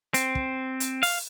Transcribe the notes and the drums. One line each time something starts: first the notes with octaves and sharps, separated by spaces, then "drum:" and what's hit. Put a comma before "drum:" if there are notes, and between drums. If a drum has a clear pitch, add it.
C4, drum: hi-hat
drum: kick
drum: hi-hat
F5, drum: open hi-hat